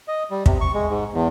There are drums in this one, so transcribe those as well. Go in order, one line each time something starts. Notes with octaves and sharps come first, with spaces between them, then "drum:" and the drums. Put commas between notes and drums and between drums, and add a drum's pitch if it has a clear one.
D#5
G3
C3, drum: kick
C#6
G#3
G#2
E2